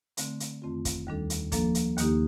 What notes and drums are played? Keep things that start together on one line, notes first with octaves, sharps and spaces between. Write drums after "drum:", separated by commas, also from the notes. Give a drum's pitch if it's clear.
D3 A3 C4, drum: hi-hat
drum: hi-hat
F2 D#3 A3 C4 F4
drum: kick, hi-hat
D#2 D#3 G3 D4 A4
drum: hi-hat
F3 A#3 D4 A4, drum: kick, hi-hat
drum: hi-hat
D#2 D#3 A#3 D#4 G4, drum: hi-hat